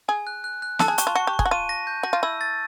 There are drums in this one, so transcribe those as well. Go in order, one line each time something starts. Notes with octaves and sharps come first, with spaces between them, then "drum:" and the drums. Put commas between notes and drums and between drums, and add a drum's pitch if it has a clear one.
G#4 G#5
F#6
F#6
F#6
A4 A5, drum: snare
G#4
G4 C#6, drum: hi-hat
F4
F#4 C#6
G4
C#6
G#4, drum: kick
F#4
F4 D#7
A#6
G6
F#4 A#6
F4
E4 E6
A6